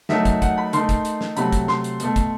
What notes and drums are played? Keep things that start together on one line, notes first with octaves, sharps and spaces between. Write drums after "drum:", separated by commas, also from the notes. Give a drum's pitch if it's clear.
D#3 F#3 A3 E5, drum: snare
drum: kick, hi-hat
F#5, drum: kick, hi-hat
B5
D#3 A3 C6, drum: hi-hat
drum: kick, hi-hat
drum: hi-hat
drum: snare
C3 F#3 A3 B5, drum: hi-hat
drum: kick, hi-hat
C6, drum: snare
drum: hi-hat
B2 A3, drum: hi-hat
drum: kick, hi-hat